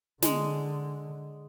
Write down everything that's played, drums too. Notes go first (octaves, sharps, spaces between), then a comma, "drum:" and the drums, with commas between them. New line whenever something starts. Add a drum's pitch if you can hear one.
D3 G#3, drum: snare